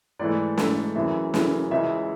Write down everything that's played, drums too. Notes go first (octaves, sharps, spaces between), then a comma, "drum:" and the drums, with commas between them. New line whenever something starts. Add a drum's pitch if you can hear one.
G#2 E3 A3 D5
G#2 E3 A3, drum: snare
F#2 C#3 E3 E5
F#2 C#3 E3, drum: snare
C#2 C#3 E3 G#3 E5